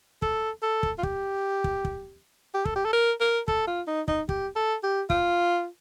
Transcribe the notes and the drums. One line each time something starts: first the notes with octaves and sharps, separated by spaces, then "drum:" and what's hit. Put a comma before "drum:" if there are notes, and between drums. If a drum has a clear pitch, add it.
A4, drum: kick
A4
drum: kick
F4
G4, drum: kick
drum: kick
drum: kick
G4
A4, drum: kick
G4
A4
A#4
A#4
A4, drum: kick
F4
D#4
D#4, drum: kick
G4, drum: kick
A4
G4
F4, drum: kick